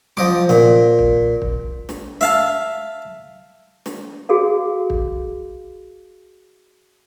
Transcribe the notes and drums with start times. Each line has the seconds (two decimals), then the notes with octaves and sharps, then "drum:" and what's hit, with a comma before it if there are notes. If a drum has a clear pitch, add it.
0.17 F3 D#5 D6, drum: tom F3
0.49 A#2, drum: snare
0.99 drum: kick
1.42 drum: kick
1.89 drum: snare
2.21 E5 F5 A5, drum: snare
3.86 drum: snare
4.29 F#4 G#4 A4 F5
4.90 drum: kick